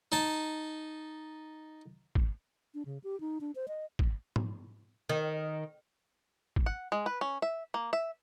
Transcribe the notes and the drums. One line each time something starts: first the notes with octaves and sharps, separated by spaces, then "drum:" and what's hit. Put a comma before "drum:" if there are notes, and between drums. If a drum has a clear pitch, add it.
D#4 A5
drum: kick
D4
C#3
G4
D#4
D4
C5
D#5
drum: kick
drum: tom G#2
D#3
drum: kick
F#5
G#3
B4
C#4
E5
A#3
E5